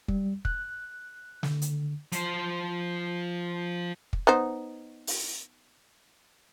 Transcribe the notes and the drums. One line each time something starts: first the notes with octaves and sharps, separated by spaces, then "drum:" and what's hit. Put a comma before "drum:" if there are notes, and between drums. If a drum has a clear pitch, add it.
G3, drum: kick
F#6, drum: kick
D3, drum: snare
drum: hi-hat
F3 C5, drum: hi-hat
drum: kick
B3 D#4 C5
drum: open hi-hat